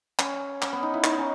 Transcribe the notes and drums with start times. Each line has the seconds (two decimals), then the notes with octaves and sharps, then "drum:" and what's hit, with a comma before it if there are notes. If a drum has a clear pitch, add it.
0.19 C#4, drum: clap
0.62 C#4, drum: clap
0.72 B3
0.83 D#4
0.94 E4
1.04 D#4, drum: clap
1.18 C#4